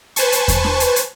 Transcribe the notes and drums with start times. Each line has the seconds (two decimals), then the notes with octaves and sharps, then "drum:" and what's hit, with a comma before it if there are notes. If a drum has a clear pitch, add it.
0.16 B4 C5 G#5 A5 C#6, drum: hi-hat
0.32 drum: hi-hat
0.48 drum: kick E2, hi-hat
0.64 drum: snare
0.80 drum: hi-hat
0.96 drum: hi-hat